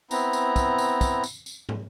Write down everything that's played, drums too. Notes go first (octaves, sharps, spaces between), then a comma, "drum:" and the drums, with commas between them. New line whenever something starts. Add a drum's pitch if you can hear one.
B3 C4 E4 A#5, drum: tambourine
drum: tambourine
drum: kick, tambourine
drum: tambourine
drum: kick, tambourine
drum: tambourine
drum: tambourine
drum: tom